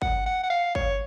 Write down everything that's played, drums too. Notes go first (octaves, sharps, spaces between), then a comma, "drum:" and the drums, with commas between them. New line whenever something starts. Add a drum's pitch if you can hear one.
F#5, drum: kick G1
F#5
F#5
F5
C#5, drum: kick G1